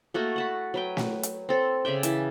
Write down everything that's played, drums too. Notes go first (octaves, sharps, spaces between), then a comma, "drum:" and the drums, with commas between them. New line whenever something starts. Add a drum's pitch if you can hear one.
A3 A#3 F#4 A4
F#5 A5 B5
F#3 B4 G5
drum: snare
drum: hi-hat
C4 A4
C#3 D5 E5 G5
E3 A5, drum: hi-hat